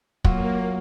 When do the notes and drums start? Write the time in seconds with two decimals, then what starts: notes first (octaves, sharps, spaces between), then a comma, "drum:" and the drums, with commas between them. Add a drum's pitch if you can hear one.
0.24 F#3 A#3 F4, drum: kick